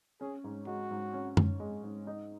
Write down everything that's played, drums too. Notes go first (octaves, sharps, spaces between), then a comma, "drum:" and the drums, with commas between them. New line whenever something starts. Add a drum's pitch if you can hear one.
C#4 G#4
G#2
G#3 F#4
G#2
C#4
G#2, drum: tom F#2
G#3
G#2
D#4